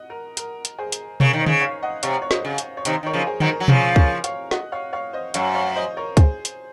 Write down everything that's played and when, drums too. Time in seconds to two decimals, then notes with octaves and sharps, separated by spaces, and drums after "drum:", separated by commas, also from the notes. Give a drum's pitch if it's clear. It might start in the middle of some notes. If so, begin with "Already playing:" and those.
Already playing: D#5 F#5
0.10 A#4
0.37 A#4, drum: hi-hat
0.65 drum: hi-hat
0.79 G#4 C5
0.92 drum: hi-hat
1.20 C#3 A#4 C#5, drum: tom B2
1.33 D#3
1.41 C5 D#5
1.46 C#3, drum: tom D3
1.61 C#5 F5
1.83 D#5 F#5
2.03 C3 C#5 F5, drum: hi-hat
2.22 C#5
2.31 C5 D#5, drum: snare
2.45 C#3
2.58 drum: hi-hat
2.77 C#5
2.85 C3 D#3 C5 D#5, drum: hi-hat
3.03 D#3 A#4 C#5
3.13 C#3 F3
3.27 G#4 C5
3.40 D#3 F#3 C5, drum: tom D3
3.48 A#4
3.60 F#3
3.68 C#3 F3 C#5 F5, drum: tom B2
3.96 A#4 C#5, drum: kick
4.24 C#5 F5, drum: hi-hat
4.51 D#5 F#5, drum: snare
4.72 C#5 F5
4.93 C#5 F5
5.13 C5 D#5
5.34 F#2 C#5 F5, drum: hi-hat
5.55 C#5 F5
5.76 C5 D#5
5.97 A#4 C#5
6.17 G#4 C5, drum: kick, hi-hat
6.45 drum: hi-hat